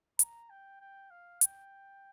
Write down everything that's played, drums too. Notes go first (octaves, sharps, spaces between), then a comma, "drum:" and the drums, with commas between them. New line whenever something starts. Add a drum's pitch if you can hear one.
A#5, drum: hi-hat
G5
G5
F5
G5, drum: hi-hat